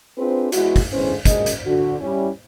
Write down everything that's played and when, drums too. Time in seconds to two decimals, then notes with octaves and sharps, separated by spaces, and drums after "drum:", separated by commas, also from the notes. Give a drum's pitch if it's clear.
0.18 C4 D4 F4 G#4 B4 C5
0.52 E2 G#3 E4 F#4, drum: hi-hat
0.76 drum: kick, open hi-hat
0.92 E2 D3 E3 G#3 C#4 C5
1.25 F#2 A#2 C#3 G#3 D#5, drum: kick, hi-hat
1.46 drum: hi-hat
1.65 D3 F#4
2.01 G3 C#4 E4